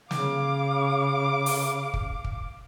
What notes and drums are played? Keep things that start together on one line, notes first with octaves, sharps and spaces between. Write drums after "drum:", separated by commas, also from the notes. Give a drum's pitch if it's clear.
C#3 F5 D6, drum: snare
drum: open hi-hat
drum: kick
drum: kick